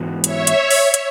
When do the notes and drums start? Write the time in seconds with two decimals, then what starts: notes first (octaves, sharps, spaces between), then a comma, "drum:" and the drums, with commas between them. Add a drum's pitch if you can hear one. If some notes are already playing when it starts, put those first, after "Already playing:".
Already playing: G#2 E3 B3 F#4
0.24 C#5 E5, drum: hi-hat
0.47 drum: hi-hat
0.71 drum: open hi-hat
0.94 drum: hi-hat